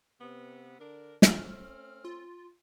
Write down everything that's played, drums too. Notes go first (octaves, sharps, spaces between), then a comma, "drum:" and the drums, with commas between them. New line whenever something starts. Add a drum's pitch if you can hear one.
C3 B3
D3 D4 A#4
A3 C4 C#4 F6, drum: snare
F4